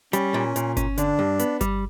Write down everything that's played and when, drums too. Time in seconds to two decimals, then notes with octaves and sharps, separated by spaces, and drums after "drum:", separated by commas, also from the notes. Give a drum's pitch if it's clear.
0.13 G3 C#4, drum: hi-hat
0.34 A#2
0.56 A#2, drum: hi-hat
0.77 C#4, drum: kick G1, hi-hat
0.98 D3 D4, drum: hi-hat
1.19 G2
1.39 B3, drum: hi-hat
1.61 G3, drum: kick G1, hi-hat